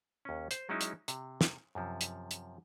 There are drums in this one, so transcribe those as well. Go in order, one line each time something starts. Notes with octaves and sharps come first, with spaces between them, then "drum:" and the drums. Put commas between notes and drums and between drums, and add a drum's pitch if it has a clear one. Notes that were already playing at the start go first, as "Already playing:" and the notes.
D#2 C#4
C5, drum: hi-hat
F#3 G#3 C#4 D#4 E4
drum: hi-hat
C3, drum: hi-hat
drum: snare
F#2 C3 F3
drum: hi-hat
drum: hi-hat